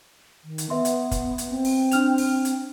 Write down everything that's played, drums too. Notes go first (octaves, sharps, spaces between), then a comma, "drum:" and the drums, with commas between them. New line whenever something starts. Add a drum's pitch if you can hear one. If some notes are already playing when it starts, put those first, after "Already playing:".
D#3
drum: hi-hat
B3 B4 E5 C6
drum: hi-hat
drum: kick, hi-hat
drum: hi-hat
C4
drum: open hi-hat
D4 F6 F7, drum: hi-hat
drum: open hi-hat
drum: hi-hat